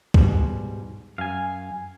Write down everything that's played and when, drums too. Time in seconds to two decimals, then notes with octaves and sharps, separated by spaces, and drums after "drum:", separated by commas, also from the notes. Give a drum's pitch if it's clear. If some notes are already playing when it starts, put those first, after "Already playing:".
0.14 G#2 B2 G3, drum: kick
1.18 F#2 F5 G#5